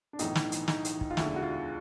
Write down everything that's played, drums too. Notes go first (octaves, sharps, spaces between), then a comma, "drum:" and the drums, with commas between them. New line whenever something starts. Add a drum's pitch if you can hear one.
D4
B1 A2 E3 D#4, drum: hi-hat
drum: snare
drum: hi-hat
D#4, drum: snare
drum: hi-hat
drum: kick
F4
E1 D2 D3 E4, drum: snare
F#4
F4